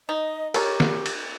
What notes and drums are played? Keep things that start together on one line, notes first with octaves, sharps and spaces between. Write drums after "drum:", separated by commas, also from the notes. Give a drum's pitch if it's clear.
D#4 D#5
G4 A4 A#4 C#5, drum: cymbal
drum: snare
drum: cymbal